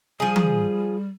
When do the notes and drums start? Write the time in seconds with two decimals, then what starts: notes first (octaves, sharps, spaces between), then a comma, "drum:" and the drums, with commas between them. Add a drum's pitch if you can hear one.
0.20 F3 G3 G#4
0.36 drum: tom E3